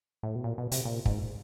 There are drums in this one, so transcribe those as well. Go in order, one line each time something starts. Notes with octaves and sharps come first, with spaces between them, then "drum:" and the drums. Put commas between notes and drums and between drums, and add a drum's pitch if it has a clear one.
A2
B2
A#2
B2
C3, drum: hi-hat
A#2
G#2, drum: kick